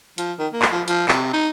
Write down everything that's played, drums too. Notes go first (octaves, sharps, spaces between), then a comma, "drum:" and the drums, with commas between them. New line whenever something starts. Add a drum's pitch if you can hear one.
F3, drum: hi-hat
D#3
A#3
drum: clap
F3
F3, drum: hi-hat
C3, drum: clap
D#4